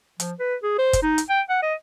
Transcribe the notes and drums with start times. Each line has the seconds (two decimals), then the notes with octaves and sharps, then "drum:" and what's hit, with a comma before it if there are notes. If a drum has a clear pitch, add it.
0.20 F3, drum: hi-hat
0.40 B4
0.63 G#4
0.79 C5
0.93 drum: kick, hi-hat
1.03 D#4
1.18 drum: hi-hat
1.29 G5
1.49 F#5
1.63 D#5